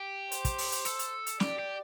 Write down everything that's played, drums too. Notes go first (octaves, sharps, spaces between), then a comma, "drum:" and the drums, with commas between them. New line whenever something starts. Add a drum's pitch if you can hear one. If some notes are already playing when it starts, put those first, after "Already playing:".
Already playing: G4
C5, drum: hi-hat
drum: kick, hi-hat
drum: open hi-hat
drum: hi-hat
A4, drum: hi-hat
drum: hi-hat
drum: hi-hat
G4 D5, drum: snare
G4